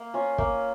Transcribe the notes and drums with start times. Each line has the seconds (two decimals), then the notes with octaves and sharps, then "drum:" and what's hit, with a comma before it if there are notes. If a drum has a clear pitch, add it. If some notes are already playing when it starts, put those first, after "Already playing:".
Already playing: A#3
0.14 C#4 F4
0.38 A#3, drum: kick